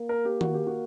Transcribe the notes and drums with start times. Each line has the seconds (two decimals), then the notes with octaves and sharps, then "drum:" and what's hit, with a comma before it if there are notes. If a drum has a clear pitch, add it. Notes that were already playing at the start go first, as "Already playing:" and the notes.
Already playing: A#3
0.09 A#4
0.25 G4
0.41 F#4, drum: tom D#3
0.54 G4
0.67 F#4